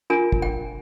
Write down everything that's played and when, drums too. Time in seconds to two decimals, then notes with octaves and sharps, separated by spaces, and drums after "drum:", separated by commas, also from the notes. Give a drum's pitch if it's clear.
0.10 D4 F4 A#4 G#5
0.32 drum: kick
0.42 G5